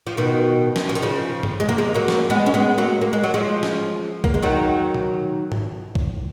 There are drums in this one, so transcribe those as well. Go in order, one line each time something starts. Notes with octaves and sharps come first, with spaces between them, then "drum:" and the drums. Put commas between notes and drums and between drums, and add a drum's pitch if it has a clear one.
F3
B2 D#3
drum: snare
F3
D#3, drum: hi-hat
C#3 F3
drum: tom G2
G#3
A#3, drum: tom A#2
F3 G#3
F#3 A#3
drum: snare
G#3 B3
C#4
G#3 B3
F#3 A#3
A#3
G#3
F#3
F3 G#3
drum: snare
A#3, drum: kick
G#3
D#3 F#3
drum: tom A#2
drum: tom G#2
drum: kick